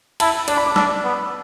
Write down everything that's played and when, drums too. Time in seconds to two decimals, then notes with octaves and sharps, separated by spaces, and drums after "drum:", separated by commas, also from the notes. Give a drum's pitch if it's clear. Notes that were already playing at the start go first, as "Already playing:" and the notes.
0.20 E4 A5, drum: cymbal
0.48 D4 D5, drum: cymbal
0.57 B5
0.66 D6
0.76 D4 E6, drum: snare
1.04 B3